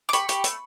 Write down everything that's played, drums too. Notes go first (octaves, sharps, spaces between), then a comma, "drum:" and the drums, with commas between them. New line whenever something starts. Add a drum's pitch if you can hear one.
D6
G4 B5 C#6, drum: hi-hat
G4, drum: hi-hat
A3, drum: hi-hat